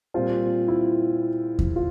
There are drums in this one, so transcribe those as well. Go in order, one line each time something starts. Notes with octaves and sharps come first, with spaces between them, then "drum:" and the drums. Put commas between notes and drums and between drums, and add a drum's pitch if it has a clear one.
A#2 G3 C4 F4
E4
drum: kick E2
F4